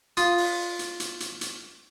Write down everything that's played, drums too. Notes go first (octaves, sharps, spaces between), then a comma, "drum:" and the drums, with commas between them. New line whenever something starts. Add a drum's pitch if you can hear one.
F4 D#6, drum: hi-hat
drum: open hi-hat
drum: hi-hat
drum: hi-hat
drum: hi-hat
drum: hi-hat